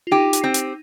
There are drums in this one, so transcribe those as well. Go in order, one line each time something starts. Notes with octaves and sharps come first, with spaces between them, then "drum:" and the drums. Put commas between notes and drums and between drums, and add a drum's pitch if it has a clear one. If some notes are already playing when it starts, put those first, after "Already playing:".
F4
D#4 G4
drum: hi-hat
C4
drum: hi-hat